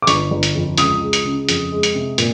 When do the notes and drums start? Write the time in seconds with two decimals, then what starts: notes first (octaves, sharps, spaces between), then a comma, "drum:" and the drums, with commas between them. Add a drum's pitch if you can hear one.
0.02 D6
0.07 G1 C#6, drum: hi-hat
0.31 G1
0.43 drum: hi-hat
0.55 F2
0.78 C#2 D#6, drum: hi-hat
1.02 G#3
1.13 drum: hi-hat
1.25 C#3
1.49 F2, drum: hi-hat
1.72 G#3
1.83 drum: hi-hat
1.95 C3
2.18 A#2, drum: hi-hat